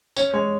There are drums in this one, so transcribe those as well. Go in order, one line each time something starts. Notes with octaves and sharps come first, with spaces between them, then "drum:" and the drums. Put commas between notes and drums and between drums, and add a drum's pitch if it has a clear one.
C#4 C#5, drum: tambourine
G#3 C#5